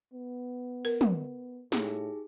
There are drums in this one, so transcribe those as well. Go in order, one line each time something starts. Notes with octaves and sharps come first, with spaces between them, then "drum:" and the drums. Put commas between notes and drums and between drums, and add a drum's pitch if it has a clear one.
B3
A#4
drum: tom
A2 D#4 G4 G#4, drum: snare